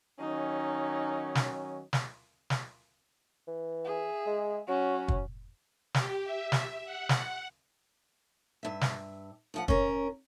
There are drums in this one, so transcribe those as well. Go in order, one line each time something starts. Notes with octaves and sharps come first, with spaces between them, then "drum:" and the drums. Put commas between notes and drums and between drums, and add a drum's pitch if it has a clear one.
D#3 F#3 C#4 D#4
drum: snare
drum: snare
drum: snare
E3
G#4 E5
G#3
F#3 C#4 F#4
drum: kick
G4, drum: snare
E5
drum: snare
F#5
drum: snare
G2 E5
drum: snare
D2 F3 F#5
C#4 A#4, drum: kick